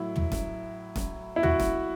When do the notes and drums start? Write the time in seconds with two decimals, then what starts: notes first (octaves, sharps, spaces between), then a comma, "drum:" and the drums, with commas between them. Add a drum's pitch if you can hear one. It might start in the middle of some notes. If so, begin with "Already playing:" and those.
Already playing: A2 F#3 E4
0.16 drum: tom
0.32 drum: snare
0.96 drum: snare
1.36 E4
1.43 F#4, drum: tom
1.60 drum: snare